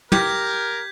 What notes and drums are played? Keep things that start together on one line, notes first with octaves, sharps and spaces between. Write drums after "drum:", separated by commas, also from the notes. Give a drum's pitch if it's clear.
G4 A#4 G6 G#6 B6, drum: tom